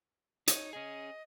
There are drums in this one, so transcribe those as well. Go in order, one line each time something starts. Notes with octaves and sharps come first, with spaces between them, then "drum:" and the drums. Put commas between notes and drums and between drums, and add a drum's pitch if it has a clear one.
D#4 C#5, drum: hi-hat
C#4 G#4 D#5